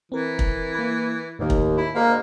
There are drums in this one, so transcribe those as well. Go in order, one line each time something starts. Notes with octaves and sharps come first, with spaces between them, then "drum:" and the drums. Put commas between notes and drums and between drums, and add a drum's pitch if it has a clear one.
E3 C4 A#4
drum: kick
A#3 B5
D#2 A2 D#3
drum: kick
E4
D2 B2 G#3 A#3 C5 F5